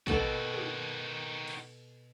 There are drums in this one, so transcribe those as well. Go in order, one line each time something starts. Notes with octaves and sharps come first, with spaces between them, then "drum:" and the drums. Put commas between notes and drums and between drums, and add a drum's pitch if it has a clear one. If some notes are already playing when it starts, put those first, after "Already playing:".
B2 D#3 F#4 A4 D5, drum: kick
drum: tom
drum: cymbal